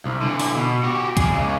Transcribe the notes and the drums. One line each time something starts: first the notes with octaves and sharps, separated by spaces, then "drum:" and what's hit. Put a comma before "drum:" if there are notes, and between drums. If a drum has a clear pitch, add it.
C2
D3 E3
drum: open hi-hat
B2
F#4 G4
G#4 D5, drum: kick, hi-hat
C#3 G#3